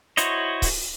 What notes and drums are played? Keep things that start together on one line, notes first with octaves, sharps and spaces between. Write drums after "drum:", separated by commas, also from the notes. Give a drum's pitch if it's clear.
E4 F#4 C5 C#5 D#5, drum: hi-hat
drum: kick C#1, open hi-hat